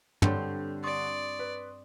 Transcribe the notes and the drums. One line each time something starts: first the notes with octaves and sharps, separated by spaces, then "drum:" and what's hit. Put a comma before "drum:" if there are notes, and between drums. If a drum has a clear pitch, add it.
G2 D3 C4 D4 A4 C#5 G6, drum: tom
D5 C6 C#6 D#6
B4